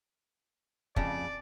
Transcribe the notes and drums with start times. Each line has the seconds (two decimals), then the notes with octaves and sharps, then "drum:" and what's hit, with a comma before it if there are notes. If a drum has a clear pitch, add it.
0.96 F2 C#3 D5, drum: kick